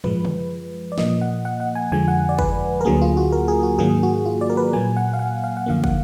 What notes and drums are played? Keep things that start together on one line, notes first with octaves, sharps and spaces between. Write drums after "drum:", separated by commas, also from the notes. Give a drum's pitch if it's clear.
F#2 F3 G#3 B4, drum: tom
drum: tom
D5
A#2 F3 A#3 D#5, drum: snare
F#5
F#5
F#5
G#5
F2 D3 F3 G#3 G#5
F#5
D5
B4, drum: kick
A#4
D2 D3 F#3 A#3 G#4
F4
F#4
A#4
G#4
F#4
G#2 D#3 F#3 A#3 G#4
F#4
F4
D5
A#4
B4
A#2 F#3 A#3 G#5
F#5
F5
F#5
F5
F#5
F#2 D3 F3 A#3 F5
F#5, drum: kick